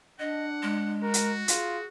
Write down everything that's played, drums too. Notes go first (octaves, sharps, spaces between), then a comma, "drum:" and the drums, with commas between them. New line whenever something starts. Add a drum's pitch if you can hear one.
D4 D#5 F#5
G#3
F#4 A#4
drum: hi-hat
F4 G#4, drum: hi-hat